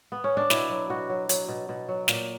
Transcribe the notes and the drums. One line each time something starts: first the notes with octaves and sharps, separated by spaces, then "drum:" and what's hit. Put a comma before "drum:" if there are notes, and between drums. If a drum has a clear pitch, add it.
B3
C#4
D4
B2 E4, drum: snare
F#3
B2 F#4
F#3
F#3, drum: hi-hat
B2
B2
F#3
A#2, drum: snare